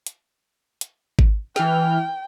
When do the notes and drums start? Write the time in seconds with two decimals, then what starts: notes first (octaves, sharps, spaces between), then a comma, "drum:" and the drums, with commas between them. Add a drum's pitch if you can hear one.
0.07 drum: hi-hat
0.81 drum: hi-hat
1.19 drum: kick G#1
1.56 E3 G5 F6, drum: snare